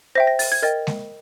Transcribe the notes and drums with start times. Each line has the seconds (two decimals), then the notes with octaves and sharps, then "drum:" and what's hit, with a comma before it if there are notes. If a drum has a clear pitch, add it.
0.15 C5 E5 G5 A#6
0.27 A#6
0.39 A6, drum: open hi-hat
0.52 G#6
0.62 A#4 D#5 G5 A6
0.87 drum: snare G#3